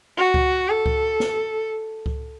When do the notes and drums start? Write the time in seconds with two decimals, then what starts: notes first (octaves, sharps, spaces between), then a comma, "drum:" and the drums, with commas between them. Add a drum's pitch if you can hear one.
0.17 F#4
0.34 drum: kick C#2
0.69 A4
0.86 drum: kick C#2
1.20 drum: snare
2.06 drum: kick C#2